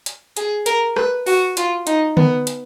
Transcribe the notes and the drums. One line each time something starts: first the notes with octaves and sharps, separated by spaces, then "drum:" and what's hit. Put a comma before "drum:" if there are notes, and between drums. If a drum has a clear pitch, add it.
drum: hi-hat
G#4, drum: hi-hat
A#4, drum: hi-hat
B4, drum: rim click
F#4, drum: open hi-hat
F4, drum: hi-hat
D#4, drum: hi-hat
B3, drum: tom D3
drum: hi-hat